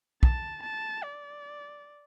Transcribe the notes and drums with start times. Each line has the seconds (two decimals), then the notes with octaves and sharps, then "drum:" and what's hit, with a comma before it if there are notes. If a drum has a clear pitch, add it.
0.23 A5, drum: kick
0.63 A5
1.04 D5